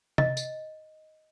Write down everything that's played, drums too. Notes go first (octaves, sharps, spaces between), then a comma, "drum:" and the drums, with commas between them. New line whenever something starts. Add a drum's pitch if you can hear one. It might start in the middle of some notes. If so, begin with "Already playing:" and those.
D#5, drum: tom C3
drum: tambourine